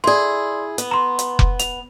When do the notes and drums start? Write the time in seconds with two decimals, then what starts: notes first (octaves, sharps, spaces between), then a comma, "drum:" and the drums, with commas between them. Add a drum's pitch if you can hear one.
0.04 E4 G#4 D5 C6
0.78 B3, drum: hi-hat
0.91 A#5 C6
1.19 drum: hi-hat
1.39 drum: kick F1
1.59 F7, drum: hi-hat